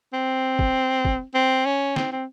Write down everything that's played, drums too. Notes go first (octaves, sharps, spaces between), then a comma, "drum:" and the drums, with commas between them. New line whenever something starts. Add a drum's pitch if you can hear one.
C4
drum: kick
drum: kick
C4
C#4
C4, drum: snare
C4